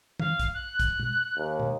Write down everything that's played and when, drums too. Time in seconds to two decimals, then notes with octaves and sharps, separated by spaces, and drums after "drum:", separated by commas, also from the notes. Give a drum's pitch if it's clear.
0.20 F5, drum: tom
0.40 drum: kick, hi-hat
0.54 F#6
0.80 drum: kick, hi-hat
1.00 drum: tom
1.37 D#2
1.60 drum: tom